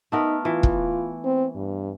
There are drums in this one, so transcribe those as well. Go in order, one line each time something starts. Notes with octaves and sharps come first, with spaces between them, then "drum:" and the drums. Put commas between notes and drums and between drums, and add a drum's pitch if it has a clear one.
A3 B3 D#4 A#4
E3 F4
drum: kick
C4
G2